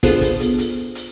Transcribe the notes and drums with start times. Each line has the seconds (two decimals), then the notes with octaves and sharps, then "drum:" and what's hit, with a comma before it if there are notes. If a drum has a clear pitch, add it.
0.03 B3 D4 F4 G#4 A4 C5, drum: kick, hi-hat
0.21 drum: kick, hi-hat
0.40 drum: hi-hat
0.58 drum: hi-hat
0.95 drum: hi-hat